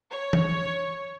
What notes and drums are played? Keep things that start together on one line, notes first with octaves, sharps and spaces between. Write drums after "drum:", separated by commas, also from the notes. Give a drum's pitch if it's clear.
C#5
drum: tom E3